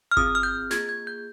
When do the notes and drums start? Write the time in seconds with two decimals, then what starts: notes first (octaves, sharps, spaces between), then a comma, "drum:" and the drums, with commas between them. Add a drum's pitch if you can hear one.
0.11 F6
0.17 C4 F4 G#4 D#6, drum: kick G1
0.35 F6
0.43 G6
0.71 A#3 F4 G#4 G#6, drum: snare
0.89 G#6
1.07 G6